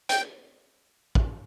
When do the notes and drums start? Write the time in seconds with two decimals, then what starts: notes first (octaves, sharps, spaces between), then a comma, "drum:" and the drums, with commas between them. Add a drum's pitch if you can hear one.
0.09 G5, drum: hi-hat
1.15 drum: kick